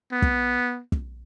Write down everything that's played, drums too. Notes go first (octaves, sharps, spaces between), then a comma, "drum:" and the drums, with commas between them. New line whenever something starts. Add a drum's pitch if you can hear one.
B3
drum: kick
drum: kick